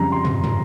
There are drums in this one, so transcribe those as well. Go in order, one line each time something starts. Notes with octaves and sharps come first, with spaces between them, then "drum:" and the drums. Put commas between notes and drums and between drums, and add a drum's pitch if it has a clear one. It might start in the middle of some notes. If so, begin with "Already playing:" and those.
Already playing: F2 C#3 G3 A#5
C6
drum: tom
drum: tom